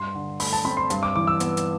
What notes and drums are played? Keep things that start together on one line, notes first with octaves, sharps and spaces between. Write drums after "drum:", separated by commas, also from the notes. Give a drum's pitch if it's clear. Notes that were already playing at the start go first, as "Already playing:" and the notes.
Already playing: G2 C6
D3
A3 B5, drum: open hi-hat
A5
C4 B5
C6
G2, drum: hi-hat
D6
E3 D6
E6
B3, drum: hi-hat
drum: hi-hat